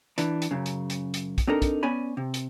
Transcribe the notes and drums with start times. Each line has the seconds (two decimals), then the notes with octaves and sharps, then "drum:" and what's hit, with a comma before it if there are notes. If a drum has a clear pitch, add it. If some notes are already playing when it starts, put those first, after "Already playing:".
0.18 E3 D4, drum: hi-hat
0.42 drum: hi-hat
0.51 F#2 C#3
0.66 drum: hi-hat
0.90 drum: hi-hat
1.14 drum: hi-hat
1.38 drum: kick, hi-hat
1.47 C4 D4 D#4 A4 A#4
1.62 drum: kick, hi-hat
1.83 B3 C#4 D5 G#5 B5
2.17 C3
2.34 drum: hi-hat